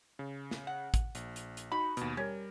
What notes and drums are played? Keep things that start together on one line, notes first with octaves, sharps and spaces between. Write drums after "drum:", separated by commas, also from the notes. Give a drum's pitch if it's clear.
C#3
drum: snare
F#5
drum: kick, hi-hat
A#1, drum: hi-hat
drum: hi-hat
drum: hi-hat
D#4 F#4 B5
D#2 B2, drum: hi-hat
G3 C#4 A#4